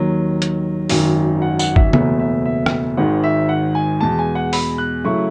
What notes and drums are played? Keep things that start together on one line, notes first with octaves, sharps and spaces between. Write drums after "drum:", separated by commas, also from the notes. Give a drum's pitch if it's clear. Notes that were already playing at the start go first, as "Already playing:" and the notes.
Already playing: D#2 D#3 F#3
drum: hi-hat
G#1 F#2 D#3, drum: open hi-hat
F#5
F#5, drum: tambourine
E5, drum: kick G1
F#1 E2 B2 A3 E5, drum: tom C#3
E5
E5
drum: rim click
G#1 G#2 D#3 F#5
E5
F#5
G#5
E2 B2 G#3 A5
G#5
F#5
B5, drum: open hi-hat
F#6
C#3 F#3 A3 E4 C#6